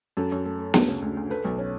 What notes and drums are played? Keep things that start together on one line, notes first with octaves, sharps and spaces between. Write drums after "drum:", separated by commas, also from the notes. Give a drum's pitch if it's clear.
F#2 A4
F#2
A3
A3
D2, drum: snare
C#3
D2
D2
A3 B4
B1
C#4